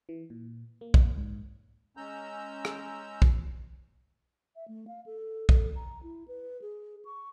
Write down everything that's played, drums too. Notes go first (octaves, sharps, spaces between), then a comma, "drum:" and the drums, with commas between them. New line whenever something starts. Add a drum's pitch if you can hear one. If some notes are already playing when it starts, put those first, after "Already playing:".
E3
A#2
A#3
drum: kick
G#2
G#3 C#4 A#5 E6 G6
drum: rim click
drum: kick
E5
A3
F5
A4
A4, drum: kick
A#5
E4
B4
G#4
C#6